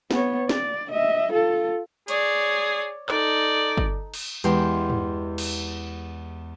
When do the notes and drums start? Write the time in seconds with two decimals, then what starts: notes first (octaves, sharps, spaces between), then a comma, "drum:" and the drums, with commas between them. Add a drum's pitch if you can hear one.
0.11 B3 C#5, drum: snare
0.49 D5, drum: snare
0.91 D#5 E5
1.32 F4 A4
2.08 G#4 C#5 D5, drum: hi-hat
3.09 D#4 A4 D5, drum: clap
3.77 drum: kick
4.14 drum: cymbal
4.44 E2 G#3 G4 C6, drum: hi-hat
4.90 drum: tom G2
5.38 drum: cymbal